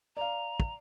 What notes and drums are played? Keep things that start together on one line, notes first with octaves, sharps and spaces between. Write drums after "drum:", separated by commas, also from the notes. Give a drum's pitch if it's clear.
D5 F5 A#5
drum: kick